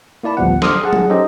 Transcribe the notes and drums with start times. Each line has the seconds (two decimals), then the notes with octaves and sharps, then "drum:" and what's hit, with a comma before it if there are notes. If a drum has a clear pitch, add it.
0.23 A#3 E4 D5 A5 B5
0.37 A1 D2 F3 G3 B3 F#5
0.62 A4 C5 C6 D6 D#6 F6, drum: snare
0.83 G#4 F#5 A5
0.93 drum: tom F#3
1.10 C#4 D#4 G4 A4 C5 D#5